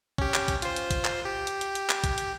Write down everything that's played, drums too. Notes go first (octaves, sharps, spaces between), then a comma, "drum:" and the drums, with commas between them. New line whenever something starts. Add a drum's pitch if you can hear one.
C#4 G4, drum: kick
drum: clap
drum: kick, hi-hat
F4 C5, drum: hi-hat
drum: hi-hat
drum: kick, hi-hat
drum: clap
G4
drum: hi-hat
drum: hi-hat
drum: hi-hat
drum: clap
drum: kick, hi-hat
drum: hi-hat